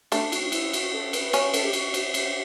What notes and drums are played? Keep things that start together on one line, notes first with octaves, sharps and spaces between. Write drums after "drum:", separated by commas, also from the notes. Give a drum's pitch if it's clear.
A3 D4, drum: cymbal
F#4, drum: cymbal
D4
E4, drum: cymbal
F#4, drum: cymbal
A4
B4, drum: cymbal
C#4 B4, drum: cymbal
A4, drum: cymbal
G4
F#4, drum: cymbal
drum: cymbal
drum: cymbal